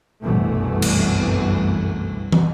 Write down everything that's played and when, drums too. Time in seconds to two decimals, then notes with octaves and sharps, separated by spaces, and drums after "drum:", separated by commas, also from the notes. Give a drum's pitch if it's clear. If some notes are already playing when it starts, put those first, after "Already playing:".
0.22 G1 C2 F#2 B2 E3 A3
0.82 drum: cymbal
2.32 drum: tom